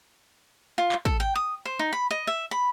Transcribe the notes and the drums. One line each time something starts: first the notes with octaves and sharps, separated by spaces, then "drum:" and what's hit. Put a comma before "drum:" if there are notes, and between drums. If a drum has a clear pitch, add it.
F4
drum: clap
A4, drum: kick
G5
D#6
C5
D#4
B5
D#5
E5
B5